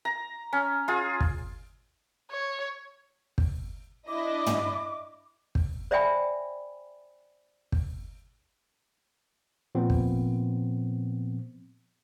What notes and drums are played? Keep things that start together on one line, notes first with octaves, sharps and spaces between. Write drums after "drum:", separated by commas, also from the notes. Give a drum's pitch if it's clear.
A#5
C#4
F4 G#4
drum: kick
C#5
drum: kick
D4 E4 D#5 D6
drum: tom
drum: kick
C5 D5 E5 G5 G#5 B5
drum: kick
A#2 F3 B3 C4
drum: kick